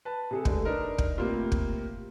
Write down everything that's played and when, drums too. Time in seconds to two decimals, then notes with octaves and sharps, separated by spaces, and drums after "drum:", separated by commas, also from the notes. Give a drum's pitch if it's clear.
0.05 B4 A5
0.31 C3 G#4 A4
0.45 D3 G#3 A3, drum: kick
0.65 D4 D#4 A#4 B4
0.98 drum: kick
1.18 A2 C3 A#3 C4 F4
1.52 drum: kick